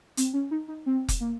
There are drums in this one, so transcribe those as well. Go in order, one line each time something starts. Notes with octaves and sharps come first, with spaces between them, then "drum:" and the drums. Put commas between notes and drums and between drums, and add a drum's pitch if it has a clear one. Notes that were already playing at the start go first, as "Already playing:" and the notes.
C4, drum: hi-hat
C#4
D#4
D#4
C4
drum: kick F1, hi-hat
A#3